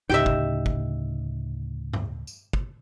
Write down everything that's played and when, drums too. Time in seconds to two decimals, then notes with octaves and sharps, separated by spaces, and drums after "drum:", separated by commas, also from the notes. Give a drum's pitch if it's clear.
0.10 D2 A2 C#3 D#4 G4 D#5 E5 G5, drum: snare
0.26 drum: kick
0.66 drum: kick
1.93 drum: tom G2
2.27 drum: tambourine
2.53 drum: kick